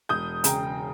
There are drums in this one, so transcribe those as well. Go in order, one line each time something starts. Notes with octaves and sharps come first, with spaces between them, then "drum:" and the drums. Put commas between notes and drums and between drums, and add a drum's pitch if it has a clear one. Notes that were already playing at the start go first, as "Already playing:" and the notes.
E1 D#6 G6
C#3 G5 A#5, drum: hi-hat